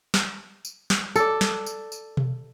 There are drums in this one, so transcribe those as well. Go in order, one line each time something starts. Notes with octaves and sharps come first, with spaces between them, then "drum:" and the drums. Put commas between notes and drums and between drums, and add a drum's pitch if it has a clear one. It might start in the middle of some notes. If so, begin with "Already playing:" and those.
drum: snare
drum: tambourine
drum: snare
A4 D5, drum: tambourine
drum: snare
drum: tambourine
drum: tambourine
drum: tom B2